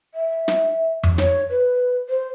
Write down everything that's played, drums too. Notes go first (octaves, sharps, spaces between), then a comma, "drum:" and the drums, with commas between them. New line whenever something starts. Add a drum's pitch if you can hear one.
E5
drum: snare
drum: tom F2
C#5, drum: snare
B4
C5